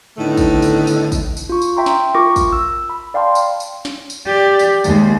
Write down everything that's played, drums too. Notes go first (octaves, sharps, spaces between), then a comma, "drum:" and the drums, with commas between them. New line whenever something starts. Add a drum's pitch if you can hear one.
A2 D3 D#3 A3 B3 D#4
drum: kick, tambourine
drum: tambourine
drum: tambourine
drum: kick, tambourine
drum: tambourine
F4 C#6
drum: tambourine
E5 G5 A#5 C6
drum: snare
F4 A#4 C#6 D6 A#6
drum: kick, tambourine
E6
B5
D5 F5 G5 A5 C6
drum: tambourine
drum: tambourine
drum: snare
drum: tambourine
G4 D5
drum: tambourine
D#2 G#3, drum: tambourine